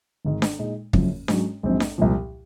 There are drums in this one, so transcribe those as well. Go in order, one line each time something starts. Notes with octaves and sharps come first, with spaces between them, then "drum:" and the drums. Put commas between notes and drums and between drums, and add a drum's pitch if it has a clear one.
G#1 G#2 D#3
drum: snare D4
A#2 G#3 D#4
F#1 F#2 C#3 F3, drum: kick
G#2 F#3 C#4, drum: snare D4
A#1 G#2 F#3 C4 D#4
drum: snare D4
C2 A#2 F3